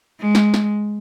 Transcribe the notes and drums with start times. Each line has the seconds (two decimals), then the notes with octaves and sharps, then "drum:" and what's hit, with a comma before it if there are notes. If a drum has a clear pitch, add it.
0.20 G#3
0.35 drum: snare
0.54 drum: snare